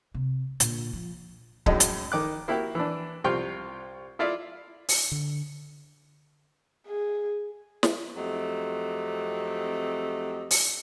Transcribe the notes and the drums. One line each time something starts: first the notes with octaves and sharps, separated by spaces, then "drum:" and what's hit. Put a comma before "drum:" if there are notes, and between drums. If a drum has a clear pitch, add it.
C3
A#2 D3, drum: hi-hat
F3
F#2 A2 G#3 D#4, drum: kick C#1
drum: hi-hat
D#3 D6 F#6
A#3 E4 F#4 G4
E3 D4
C2 C3 F4 G5 C6 C#6
E4 F4 D5 E5
drum: open hi-hat
D3
G#4
drum: snare
F2 F#3 A3 C4 G4 D#5
drum: open hi-hat